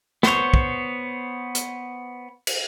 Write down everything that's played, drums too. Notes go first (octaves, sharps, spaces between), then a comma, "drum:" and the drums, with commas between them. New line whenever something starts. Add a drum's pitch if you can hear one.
B3 C5 C#5, drum: snare
drum: kick
drum: hi-hat
drum: cymbal